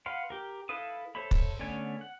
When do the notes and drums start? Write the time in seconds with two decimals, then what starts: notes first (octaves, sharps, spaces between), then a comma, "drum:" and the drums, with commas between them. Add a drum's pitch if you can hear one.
0.06 B4 F5 F#5 C6
0.30 G4 A#4
0.69 E4 A4 B4 F5 D#6
1.15 A4 C5 C#5 E5 B5
1.31 drum: kick
1.59 D3 A3 B3 C#4 G#5
2.01 F#5